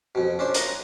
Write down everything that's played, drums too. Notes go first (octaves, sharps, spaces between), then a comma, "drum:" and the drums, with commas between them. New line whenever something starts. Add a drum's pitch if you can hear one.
F2 B2
C#4 D4 C5
A#4 D#5 F5 F#5 A#5 C6, drum: hi-hat
A#5